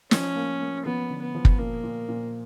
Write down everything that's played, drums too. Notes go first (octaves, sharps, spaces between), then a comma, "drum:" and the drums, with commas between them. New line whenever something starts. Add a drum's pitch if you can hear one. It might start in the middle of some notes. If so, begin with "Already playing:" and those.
F3 C#4, drum: snare
A#3
A#3
F3 B3
D3
B3
F3
drum: kick
A#2 A#3
A#2
A#2